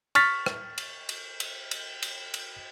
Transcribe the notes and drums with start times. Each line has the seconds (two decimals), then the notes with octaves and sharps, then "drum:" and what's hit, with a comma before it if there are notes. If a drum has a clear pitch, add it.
0.15 C#6 F6 A6 B6, drum: cymbal
0.46 drum: rim click
0.78 drum: cymbal
1.09 drum: cymbal
1.40 drum: cymbal
1.71 drum: cymbal
2.03 drum: cymbal
2.34 drum: cymbal